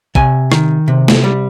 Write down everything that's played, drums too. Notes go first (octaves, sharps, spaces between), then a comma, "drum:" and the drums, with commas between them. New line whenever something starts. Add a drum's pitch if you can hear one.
C3 G#5, drum: kick
D#3, drum: rim click
C3
drum: snare
G3